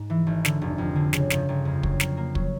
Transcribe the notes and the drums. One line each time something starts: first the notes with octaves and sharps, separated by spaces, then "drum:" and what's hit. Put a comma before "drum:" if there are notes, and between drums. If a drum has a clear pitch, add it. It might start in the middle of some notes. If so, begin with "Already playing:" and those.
Already playing: G#2
E3
G#1
D3, drum: snare
F1
F2
D3
C#3, drum: snare
G1, drum: snare
G1
F2
F#3, drum: kick
A#3, drum: snare
A#3
F#3, drum: kick